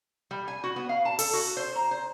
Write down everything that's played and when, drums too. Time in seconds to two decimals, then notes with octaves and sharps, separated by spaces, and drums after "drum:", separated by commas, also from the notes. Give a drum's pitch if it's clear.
0.31 G3
0.48 G#5
0.64 F#4
0.76 B3
0.89 F5
1.05 A5
1.19 A4, drum: open hi-hat
1.33 F#4
1.57 C5
1.75 A#5
1.91 C5